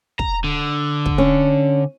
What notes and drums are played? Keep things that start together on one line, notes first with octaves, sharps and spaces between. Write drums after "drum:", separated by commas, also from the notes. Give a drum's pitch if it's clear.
A#5, drum: kick
D3
drum: kick
C#4